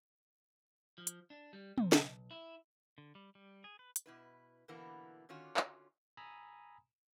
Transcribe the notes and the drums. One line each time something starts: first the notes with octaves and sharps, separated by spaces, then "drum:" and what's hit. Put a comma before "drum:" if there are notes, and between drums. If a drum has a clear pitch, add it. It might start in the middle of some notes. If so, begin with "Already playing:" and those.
F3
drum: hi-hat
D4
G3
C3, drum: tom
B1, drum: snare
E4
D3
G3
G3
G#4
B4
drum: hi-hat
B2 E4 B4
B2 D3 E3 A#3 B3 E4
D3 D#3 C#4 F4 F#4
drum: clap
G#5 A#5 B5 D#6 E6